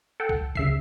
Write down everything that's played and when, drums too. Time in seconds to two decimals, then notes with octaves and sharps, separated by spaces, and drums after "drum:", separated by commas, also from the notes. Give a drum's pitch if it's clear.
0.20 A4 F#5 G5
0.29 drum: kick B1
0.55 C#3 E5 C7, drum: kick B1